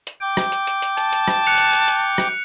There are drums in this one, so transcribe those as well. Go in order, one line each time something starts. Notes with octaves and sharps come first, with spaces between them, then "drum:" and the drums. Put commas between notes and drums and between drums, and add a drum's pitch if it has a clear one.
drum: hi-hat
G5 D6
drum: rim click
drum: hi-hat
drum: hi-hat
drum: hi-hat
A5, drum: hi-hat
drum: hi-hat
drum: rim click
F#6 C#7 F7
drum: hi-hat
drum: hi-hat
drum: hi-hat
drum: rim click